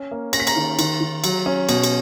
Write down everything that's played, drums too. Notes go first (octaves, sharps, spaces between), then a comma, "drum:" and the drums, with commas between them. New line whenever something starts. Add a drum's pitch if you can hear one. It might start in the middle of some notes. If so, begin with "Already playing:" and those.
Already playing: C#4
A#3
C#4 A#6, drum: cymbal
B6
A#5 A#6, drum: cymbal
D#3
D#3, drum: cymbal
D#3
F#3, drum: cymbal
C#4
B2, drum: cymbal
drum: cymbal